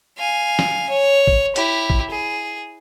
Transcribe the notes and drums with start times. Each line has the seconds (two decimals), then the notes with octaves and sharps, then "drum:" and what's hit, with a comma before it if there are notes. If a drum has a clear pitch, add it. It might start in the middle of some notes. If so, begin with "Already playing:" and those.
0.18 F5 G#5
0.59 drum: snare
0.89 C#5
1.27 drum: kick
1.56 E4 G4, drum: hi-hat
1.90 drum: kick
2.10 G#4